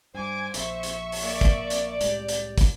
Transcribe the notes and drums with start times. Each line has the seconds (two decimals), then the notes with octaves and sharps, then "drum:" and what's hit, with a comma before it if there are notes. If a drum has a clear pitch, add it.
0.14 G2 C5 G#5 D6
0.54 A#1 E5 C#6, drum: hi-hat
0.83 drum: hi-hat
1.12 drum: open hi-hat
1.23 A#3 D5
1.41 drum: kick, hi-hat
1.70 drum: hi-hat
2.01 C2 A2 G#3 G4, drum: hi-hat
2.28 drum: hi-hat
2.58 drum: kick, hi-hat